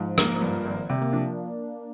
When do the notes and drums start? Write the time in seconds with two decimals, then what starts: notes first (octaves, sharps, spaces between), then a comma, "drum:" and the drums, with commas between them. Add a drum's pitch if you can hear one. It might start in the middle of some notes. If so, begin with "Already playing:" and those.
Already playing: G#2 F3
0.18 A#3, drum: rim click
0.41 G2 F3
0.65 G#1
0.89 C3 G3
1.02 A#3
1.13 F3 D4